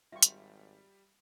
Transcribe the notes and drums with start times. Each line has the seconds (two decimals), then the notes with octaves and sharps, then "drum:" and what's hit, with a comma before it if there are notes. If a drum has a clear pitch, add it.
0.12 G#1 G3 F4 G4 E5 C#6
0.23 drum: hi-hat